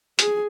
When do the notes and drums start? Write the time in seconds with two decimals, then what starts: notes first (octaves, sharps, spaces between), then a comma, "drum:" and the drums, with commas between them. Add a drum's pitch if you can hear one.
0.19 G#4, drum: hi-hat